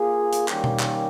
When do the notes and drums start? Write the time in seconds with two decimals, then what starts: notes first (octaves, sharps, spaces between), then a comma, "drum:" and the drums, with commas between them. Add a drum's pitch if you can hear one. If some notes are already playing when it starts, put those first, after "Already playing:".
Already playing: A#3 F4 G#4
0.33 drum: hi-hat
0.48 D#3 G3 A#3 C#4 G4, drum: clap
0.64 drum: tom B2
0.79 drum: clap